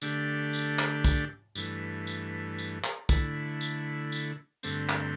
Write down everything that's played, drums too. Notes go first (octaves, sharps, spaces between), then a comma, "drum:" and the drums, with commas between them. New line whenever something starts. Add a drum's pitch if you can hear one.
D3 A3 D4 G4, drum: tambourine
drum: tambourine
drum: clap
drum: kick, tambourine
G2 E3 A3, drum: tambourine
drum: tambourine
drum: tambourine
drum: clap
D3 A3 E4, drum: kick, tambourine
drum: tambourine
drum: tambourine
G2 D3 A3 C4, drum: tambourine
drum: clap